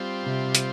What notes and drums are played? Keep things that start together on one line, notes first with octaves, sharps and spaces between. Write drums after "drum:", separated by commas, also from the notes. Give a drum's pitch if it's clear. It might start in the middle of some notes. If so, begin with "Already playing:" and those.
Already playing: G3 C4 F4
C3
drum: hi-hat